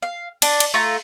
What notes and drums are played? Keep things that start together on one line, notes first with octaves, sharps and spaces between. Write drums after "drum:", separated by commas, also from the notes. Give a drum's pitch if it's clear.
F5
D4, drum: cymbal
drum: cymbal
A3 F4 A#5